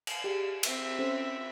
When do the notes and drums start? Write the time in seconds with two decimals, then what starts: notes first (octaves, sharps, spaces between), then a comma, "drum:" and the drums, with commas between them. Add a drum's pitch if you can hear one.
0.07 drum: cymbal
0.24 G4 G#4
0.63 C4 E5, drum: cymbal
0.99 C#4 A4 C5